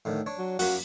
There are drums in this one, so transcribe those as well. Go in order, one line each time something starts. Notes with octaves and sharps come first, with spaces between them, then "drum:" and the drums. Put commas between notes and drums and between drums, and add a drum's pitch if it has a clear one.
A2 D3 D#3
D4 C#5
F#3
F#2 A#3 F#4, drum: open hi-hat